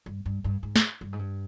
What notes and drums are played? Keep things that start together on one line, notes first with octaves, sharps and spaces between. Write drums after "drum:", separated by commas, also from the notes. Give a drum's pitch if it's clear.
G2
G2
G2
G#2
drum: snare
G2
G#2
G2